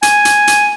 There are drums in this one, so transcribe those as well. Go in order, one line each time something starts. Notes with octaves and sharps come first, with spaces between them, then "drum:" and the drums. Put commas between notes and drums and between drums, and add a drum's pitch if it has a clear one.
G#5, drum: hi-hat
drum: hi-hat
drum: hi-hat